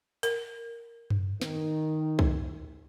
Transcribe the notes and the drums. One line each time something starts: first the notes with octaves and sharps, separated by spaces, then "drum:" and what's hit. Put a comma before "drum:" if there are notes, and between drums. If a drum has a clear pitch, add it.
A#4, drum: hi-hat
drum: tom F#2
D#3, drum: snare
drum: kick